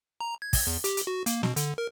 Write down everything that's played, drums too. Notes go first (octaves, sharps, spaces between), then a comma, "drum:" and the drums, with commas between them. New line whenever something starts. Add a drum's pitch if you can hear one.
A#5
G#6
drum: kick, open hi-hat
E2
G4, drum: hi-hat
drum: hi-hat
F#4
A#3, drum: hi-hat
B2, drum: snare
D3, drum: hi-hat
A#4